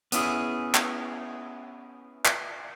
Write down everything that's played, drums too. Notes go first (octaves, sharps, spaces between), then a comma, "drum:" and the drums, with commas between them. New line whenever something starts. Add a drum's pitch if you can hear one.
B3 C#4 E4 G#4, drum: hi-hat
drum: clap
drum: clap